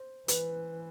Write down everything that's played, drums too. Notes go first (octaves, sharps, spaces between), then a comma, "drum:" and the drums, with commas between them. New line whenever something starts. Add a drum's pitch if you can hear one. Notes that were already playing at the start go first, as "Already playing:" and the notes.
Already playing: C5
E3 B4, drum: hi-hat